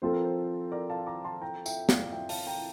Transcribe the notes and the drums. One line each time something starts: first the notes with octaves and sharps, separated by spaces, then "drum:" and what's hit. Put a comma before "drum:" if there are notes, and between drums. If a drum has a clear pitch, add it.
F3 C4 F4 A4 C5
A#4
C5
A#4 D5
F5 A5
A#5 D6
A5 C6
G5 A#5
E5 G5, drum: tambourine
D5 F5, drum: snare
E5 G5
F5 A5, drum: open hi-hat
G5 A#5